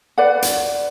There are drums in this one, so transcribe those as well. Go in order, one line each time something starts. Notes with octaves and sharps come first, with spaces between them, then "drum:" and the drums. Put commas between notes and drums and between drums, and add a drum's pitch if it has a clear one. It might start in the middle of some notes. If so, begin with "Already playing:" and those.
B4 D5 F#5
drum: hi-hat